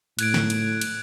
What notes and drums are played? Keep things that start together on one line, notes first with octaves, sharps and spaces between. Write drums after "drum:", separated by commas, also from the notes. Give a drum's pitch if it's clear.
A2 F#6 G#6 D7, drum: cymbal
drum: snare
drum: cymbal
drum: cymbal